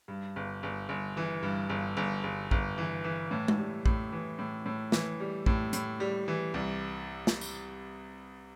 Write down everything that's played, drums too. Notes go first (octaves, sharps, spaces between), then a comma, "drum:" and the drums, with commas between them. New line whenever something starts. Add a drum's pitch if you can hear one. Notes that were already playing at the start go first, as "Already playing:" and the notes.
G2
G1
G1
G1
E3
G2
G1
G1
G1
G1, drum: kick A#1
E3
E3
A2
drum: tom G#3
G3
A2, drum: kick A#1
E3
A2
A2
E3, drum: snare
G3
A2, drum: kick A#1
A2, drum: hi-hat
G3
E3
C2
drum: snare
drum: tambourine